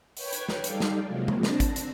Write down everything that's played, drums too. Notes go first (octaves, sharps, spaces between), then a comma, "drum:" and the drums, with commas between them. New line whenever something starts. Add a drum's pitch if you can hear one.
B4 C#5 G5 C#6 G#6, drum: open hi-hat
drum: hi-hat
drum: snare
G3 D#4 A4 D5 F5 G5, drum: hi-hat
drum: snare
C3 F3 F#3 G#3 A#3
drum: tom C3
C4 D4 A5 A#6, drum: snare
drum: kick G#1, hi-hat
drum: hi-hat